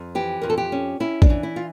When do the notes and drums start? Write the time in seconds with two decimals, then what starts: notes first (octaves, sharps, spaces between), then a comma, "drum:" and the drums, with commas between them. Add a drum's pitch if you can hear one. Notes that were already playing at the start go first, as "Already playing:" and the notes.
Already playing: F2
0.15 E3 G4
0.41 F2 A#4
0.50 A4
0.58 G4
0.72 C#4
1.00 C#4 E4
1.22 D4, drum: kick A#1
1.30 E3
1.43 E4
1.56 F4